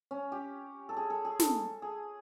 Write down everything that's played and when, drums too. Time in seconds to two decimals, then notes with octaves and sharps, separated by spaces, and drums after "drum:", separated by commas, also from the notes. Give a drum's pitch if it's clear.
0.11 C#4
0.32 G4
0.89 A4
0.97 G#4
1.10 A4
1.25 G#4
1.40 A4, drum: snare
1.82 G#4